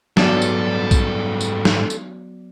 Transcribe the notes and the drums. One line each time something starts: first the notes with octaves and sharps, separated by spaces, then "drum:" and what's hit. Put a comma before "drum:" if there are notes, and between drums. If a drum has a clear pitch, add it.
G#2 F#3 G3 B3 A4 D5, drum: snare
drum: tambourine
drum: kick A#1, tambourine
drum: tambourine
drum: snare
drum: tambourine